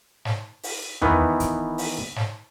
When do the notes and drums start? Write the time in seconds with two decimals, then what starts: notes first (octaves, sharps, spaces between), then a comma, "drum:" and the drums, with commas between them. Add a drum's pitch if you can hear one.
0.25 drum: snare
0.63 drum: open hi-hat
1.02 D#3 E3 B3, drum: tom E2
1.40 drum: kick, hi-hat
1.78 drum: open hi-hat
2.16 drum: snare